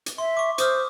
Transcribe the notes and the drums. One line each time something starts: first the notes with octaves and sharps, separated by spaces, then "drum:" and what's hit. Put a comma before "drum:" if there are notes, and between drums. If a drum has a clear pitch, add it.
drum: hi-hat
E5 C6
C#6 D6
C5 D6 D#6 F6, drum: hi-hat